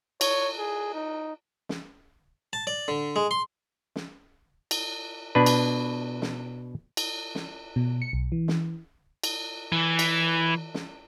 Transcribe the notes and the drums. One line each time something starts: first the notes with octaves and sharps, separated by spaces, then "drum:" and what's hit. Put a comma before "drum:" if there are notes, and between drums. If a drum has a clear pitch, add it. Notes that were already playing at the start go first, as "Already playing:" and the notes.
C#5, drum: cymbal
G#4
D#4
drum: snare
A5
D5
D3
G#3
C6
drum: snare
drum: cymbal
B2 D4 B4
drum: cymbal
drum: snare
drum: cymbal
drum: snare
B2
C#7
B1
E3
drum: snare
drum: cymbal
E3
drum: cymbal
drum: snare